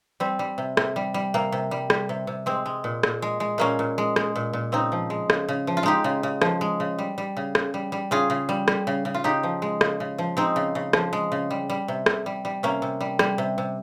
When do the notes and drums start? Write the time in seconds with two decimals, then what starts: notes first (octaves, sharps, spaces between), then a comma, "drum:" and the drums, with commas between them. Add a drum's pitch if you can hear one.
0.20 G3 C4
0.39 G3
0.58 C3
0.77 C3, drum: rim click
0.96 G3
1.14 G3
1.34 C3 A#3
1.52 C3
1.71 G3
1.90 G3, drum: rim click
2.09 C3
2.27 C3
2.46 G#3 C4
2.66 G#3
2.84 A#2
3.03 A#2, drum: rim click
3.22 G#3
3.40 G#3
3.58 A#2 A#3 C#4
3.79 A#2
3.98 G#3
4.16 G#3, drum: rim click
4.36 A#2
4.53 A#2
4.72 C#3 C4 D#4
4.92 F3
5.10 G#3
5.30 C#3, drum: rim click
5.49 C#3
5.67 F3
5.77 F4
5.83 G#3 D#4 G4
6.04 C#3
6.23 C#3
6.41 F3, drum: rim click
6.61 G#3
6.80 C#3
6.99 G3
7.18 G3
7.37 C#3
7.55 C#3, drum: rim click
7.74 G3
7.92 G3
8.11 C#3 F4 G#4
8.30 C#3
8.49 G3
8.68 G3, drum: rim click
8.87 C#3
9.05 C#3
9.14 F4
9.24 C#3 D#4 G4
9.43 F3
9.62 G#3
9.81 C#3, drum: rim click
10.00 C#3
10.18 F3
10.37 G#3 C4 D#4
10.56 C#3
10.75 C#3
10.93 F3, drum: rim click
11.13 G#3
11.32 C#3
11.51 G3
11.70 G3
11.88 C3
12.06 C3, drum: rim click
12.26 G3
12.45 G3
12.63 C3 A#3 C#4
12.82 C3
13.01 G3
13.19 G3, drum: rim click
13.38 C3
13.58 C3